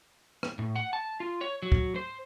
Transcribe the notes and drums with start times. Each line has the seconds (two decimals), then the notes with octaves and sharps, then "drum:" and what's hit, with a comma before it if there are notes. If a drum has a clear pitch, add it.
0.43 drum: rim click
0.59 A2
0.76 F#5
0.93 A5
1.20 F4
1.41 C#5
1.63 F#3
1.72 drum: kick
1.96 C5